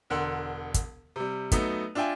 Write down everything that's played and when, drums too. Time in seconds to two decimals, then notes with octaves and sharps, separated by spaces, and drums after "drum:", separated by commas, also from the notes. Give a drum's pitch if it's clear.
0.10 E1 D3 A#4 F#5 C6
0.74 drum: kick, hi-hat
1.16 C3 G3
1.52 F#3 A3 B3 D#4, drum: kick, hi-hat
1.95 D4 F4 E5 G5 G#5